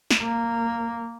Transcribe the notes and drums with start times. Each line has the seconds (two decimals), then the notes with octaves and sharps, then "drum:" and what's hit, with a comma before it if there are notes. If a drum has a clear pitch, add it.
0.11 drum: snare
0.22 A#3